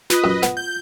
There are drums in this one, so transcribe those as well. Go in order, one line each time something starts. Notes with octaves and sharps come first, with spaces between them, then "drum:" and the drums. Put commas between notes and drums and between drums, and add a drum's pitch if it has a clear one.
F4 B4 D#5, drum: snare
F#2
B3, drum: snare
G6